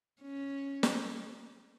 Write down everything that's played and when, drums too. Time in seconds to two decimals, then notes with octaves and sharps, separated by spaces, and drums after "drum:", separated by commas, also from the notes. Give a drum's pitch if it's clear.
0.21 C#4
0.83 drum: snare